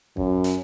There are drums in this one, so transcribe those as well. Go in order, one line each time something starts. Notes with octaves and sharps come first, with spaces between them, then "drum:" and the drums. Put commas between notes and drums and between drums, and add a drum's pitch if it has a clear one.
F#2, drum: kick
drum: hi-hat